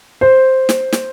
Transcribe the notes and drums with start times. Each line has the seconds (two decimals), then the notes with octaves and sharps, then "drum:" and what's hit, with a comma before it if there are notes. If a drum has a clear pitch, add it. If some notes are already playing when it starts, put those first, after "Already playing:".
0.21 C5
0.69 drum: snare
0.93 drum: snare